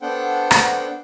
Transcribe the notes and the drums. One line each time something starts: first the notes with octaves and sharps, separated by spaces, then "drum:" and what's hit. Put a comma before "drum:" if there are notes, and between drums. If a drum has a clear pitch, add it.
B3 D4 A4 C5 F#5 G5
drum: rim click